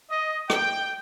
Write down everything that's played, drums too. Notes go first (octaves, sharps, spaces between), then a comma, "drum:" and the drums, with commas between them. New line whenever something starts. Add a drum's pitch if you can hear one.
D#5
G5, drum: rim click